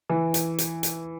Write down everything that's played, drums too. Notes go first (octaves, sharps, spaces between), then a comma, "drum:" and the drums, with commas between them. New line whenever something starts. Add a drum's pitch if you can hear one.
E3
drum: hi-hat
drum: hi-hat
drum: hi-hat